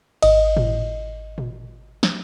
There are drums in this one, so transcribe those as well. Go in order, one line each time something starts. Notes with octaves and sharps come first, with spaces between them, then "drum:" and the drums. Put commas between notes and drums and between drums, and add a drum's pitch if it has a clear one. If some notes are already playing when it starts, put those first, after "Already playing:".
G#1 D#5, drum: cymbal
drum: tom A2
drum: tom A#2
drum: snare